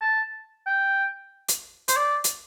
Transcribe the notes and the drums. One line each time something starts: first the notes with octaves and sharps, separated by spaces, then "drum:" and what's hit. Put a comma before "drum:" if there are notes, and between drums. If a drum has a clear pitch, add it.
A5
G5
drum: hi-hat
C5, drum: hi-hat
D5
drum: hi-hat